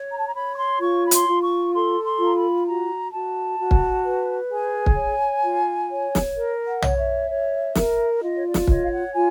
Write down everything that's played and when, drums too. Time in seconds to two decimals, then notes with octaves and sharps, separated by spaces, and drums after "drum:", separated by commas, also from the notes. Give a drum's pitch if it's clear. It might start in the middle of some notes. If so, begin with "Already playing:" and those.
Already playing: C#5
0.11 A#5
0.18 A5
0.25 A#5
0.34 C#5 B5
0.53 C#6
0.57 C6
0.80 F4 C#6
1.05 B5
1.11 C6, drum: hi-hat
1.27 F4
1.41 C#6
1.73 A4 C6
2.04 C6
2.19 F4 A#5
2.34 B5
2.66 F#4 A#5
3.11 F#4 A5
3.58 F#4
3.71 drum: kick
4.05 B4
4.51 G#4 G#5
4.86 drum: kick
4.97 C#5
5.43 F4
5.90 C#5
6.15 drum: snare
6.36 A#4
6.66 F#5
6.82 C#5, drum: tom
6.97 E5
7.29 C#5
7.75 A#4, drum: snare
8.21 F4 D#5
8.34 C#5
8.45 D5
8.54 drum: snare
8.67 C#5 D#5, drum: kick
8.82 F5
8.90 F#5
9.14 F4 G#5